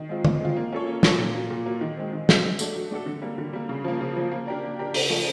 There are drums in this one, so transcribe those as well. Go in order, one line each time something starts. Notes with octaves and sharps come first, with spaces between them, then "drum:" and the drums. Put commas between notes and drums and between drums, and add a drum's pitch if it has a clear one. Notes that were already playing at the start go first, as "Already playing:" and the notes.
Already playing: D#3
G#3 C4 F4
D#3, drum: tom
G#3 C4 F4
A#3
C#4 F4 A4 C#5
A#3
C#4 F4 A4 C#5, drum: snare
A#2
F#3 A#3
A#2
F#3 A#3
D#3
G#3 C4
D#3
G#3 C4, drum: snare
F#3
A3 D4 F#4 A4, drum: tambourine
F#3
A3 D4 F#4 A4
D3
G3 A#3
D3
G3 A#3
C#3
F3 A#3
C#3
F3 A#3
A#3
D4 G4 A#4 D5
A#3
D4 G4 A#4 D5
C#3, drum: open hi-hat
F3 A3 C#4